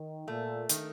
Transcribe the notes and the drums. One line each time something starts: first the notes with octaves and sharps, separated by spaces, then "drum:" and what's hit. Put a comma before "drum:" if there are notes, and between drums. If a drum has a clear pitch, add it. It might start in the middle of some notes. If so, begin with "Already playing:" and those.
Already playing: D#3
A#2 A3
D#3, drum: hi-hat